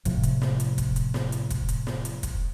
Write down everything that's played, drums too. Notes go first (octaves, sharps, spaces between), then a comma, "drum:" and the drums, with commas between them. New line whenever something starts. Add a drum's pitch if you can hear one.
A2 C3 F3, drum: kick, hi-hat
drum: hi-hat
drum: snare
drum: hi-hat
drum: kick, hi-hat
drum: hi-hat
drum: snare
drum: hi-hat
drum: kick, hi-hat
drum: hi-hat
drum: snare
drum: hi-hat
drum: kick, hi-hat